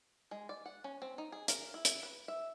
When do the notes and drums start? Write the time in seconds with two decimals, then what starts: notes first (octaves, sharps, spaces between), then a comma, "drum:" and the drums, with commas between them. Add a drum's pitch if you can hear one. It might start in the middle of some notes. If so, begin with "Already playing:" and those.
0.31 G#3
0.49 D5
0.66 F#5
0.84 C#4
1.02 C4
1.18 D#4
1.32 G#4
1.48 A#4, drum: hi-hat
1.74 E4
1.85 drum: hi-hat
2.03 B4
2.28 E5